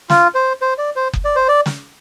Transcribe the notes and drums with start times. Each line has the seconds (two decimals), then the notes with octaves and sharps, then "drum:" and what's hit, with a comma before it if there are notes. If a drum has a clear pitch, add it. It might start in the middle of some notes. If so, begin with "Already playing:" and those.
0.10 F4, drum: snare
0.35 C5
0.61 C5
0.78 D5
0.96 C5
1.13 drum: kick F#1
1.25 D5
1.36 C5
1.48 D5
1.66 drum: snare